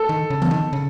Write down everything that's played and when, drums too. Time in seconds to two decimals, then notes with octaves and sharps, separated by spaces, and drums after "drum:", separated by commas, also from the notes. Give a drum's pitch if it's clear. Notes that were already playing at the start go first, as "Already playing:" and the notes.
Already playing: A4
0.09 D#3
0.30 C#3
0.42 drum: tom E3
0.51 D#3
0.73 C#3